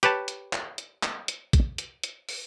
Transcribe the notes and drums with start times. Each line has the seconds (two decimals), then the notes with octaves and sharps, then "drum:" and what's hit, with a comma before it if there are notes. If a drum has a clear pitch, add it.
0.03 G4 B4 C#5 A5, drum: hi-hat
0.28 drum: hi-hat
0.53 drum: clap
0.78 drum: hi-hat
1.03 drum: clap
1.28 drum: hi-hat
1.53 drum: kick, hi-hat
1.78 drum: hi-hat
2.03 drum: hi-hat
2.29 drum: open hi-hat